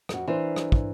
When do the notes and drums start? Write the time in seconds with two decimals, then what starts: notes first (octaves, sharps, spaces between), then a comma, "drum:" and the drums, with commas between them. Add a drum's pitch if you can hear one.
0.09 F2 F#4, drum: rim click
0.28 E3 D4 A#4 C5
0.56 drum: rim click
0.72 drum: kick